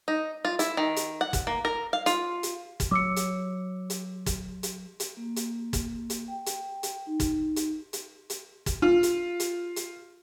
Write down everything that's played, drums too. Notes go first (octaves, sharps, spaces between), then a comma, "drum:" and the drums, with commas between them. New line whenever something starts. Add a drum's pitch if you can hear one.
D#4
F4
E4, drum: hi-hat
D#3
drum: hi-hat
F#5
drum: kick, hi-hat
A#3
A#4
F5
F4, drum: hi-hat
drum: hi-hat
drum: kick, hi-hat
F#3 D6 E6 C#7
drum: hi-hat
drum: hi-hat
drum: kick, hi-hat
drum: hi-hat
drum: hi-hat
A#3
drum: hi-hat
drum: kick, hi-hat
drum: hi-hat
G5
drum: hi-hat
drum: hi-hat
D#4
drum: kick, hi-hat
drum: hi-hat
drum: hi-hat
drum: hi-hat
drum: kick, hi-hat
F4
drum: hi-hat
drum: hi-hat
drum: hi-hat